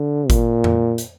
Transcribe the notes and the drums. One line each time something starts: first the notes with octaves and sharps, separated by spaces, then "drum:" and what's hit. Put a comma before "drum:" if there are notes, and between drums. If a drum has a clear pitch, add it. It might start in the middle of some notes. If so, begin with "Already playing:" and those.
Already playing: D3
A#2, drum: kick G#1, hi-hat
drum: tom F2
drum: hi-hat